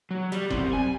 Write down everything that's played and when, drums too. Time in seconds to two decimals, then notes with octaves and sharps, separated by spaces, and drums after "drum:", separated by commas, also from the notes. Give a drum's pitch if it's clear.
0.11 F#3
0.32 G3, drum: hi-hat
0.50 G3 C4, drum: kick F#1
0.73 G#5